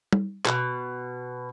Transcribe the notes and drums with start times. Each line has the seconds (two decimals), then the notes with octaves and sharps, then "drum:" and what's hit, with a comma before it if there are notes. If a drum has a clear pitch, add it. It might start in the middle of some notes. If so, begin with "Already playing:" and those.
0.13 drum: tom G3
0.45 B2, drum: clap